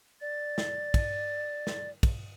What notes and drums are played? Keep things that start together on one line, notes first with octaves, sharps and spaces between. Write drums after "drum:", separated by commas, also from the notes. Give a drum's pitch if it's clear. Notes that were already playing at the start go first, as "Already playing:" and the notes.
D5 A6
drum: snare
drum: kick, cymbal
drum: snare
drum: kick, cymbal